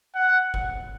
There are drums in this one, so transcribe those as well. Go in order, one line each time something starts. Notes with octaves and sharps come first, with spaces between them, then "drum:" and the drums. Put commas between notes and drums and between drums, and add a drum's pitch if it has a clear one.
F#5
drum: kick